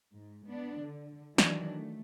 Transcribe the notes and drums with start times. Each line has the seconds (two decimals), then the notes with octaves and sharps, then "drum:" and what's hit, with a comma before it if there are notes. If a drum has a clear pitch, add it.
0.14 G#2
0.46 B3 D4
0.79 D3
1.38 D#3 E3 F#3 G3 D4, drum: snare
1.68 A3